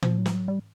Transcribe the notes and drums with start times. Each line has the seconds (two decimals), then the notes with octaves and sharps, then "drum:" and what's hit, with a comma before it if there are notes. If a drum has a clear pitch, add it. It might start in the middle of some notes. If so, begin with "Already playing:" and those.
0.03 F3, drum: tom
0.18 F#3
0.26 F3, drum: snare
0.33 F#3
0.48 G3